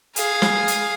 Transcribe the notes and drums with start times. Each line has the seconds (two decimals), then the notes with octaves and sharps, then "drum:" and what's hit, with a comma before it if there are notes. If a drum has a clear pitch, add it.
0.16 G#4 F5, drum: hi-hat
0.42 drum: snare
0.68 drum: hi-hat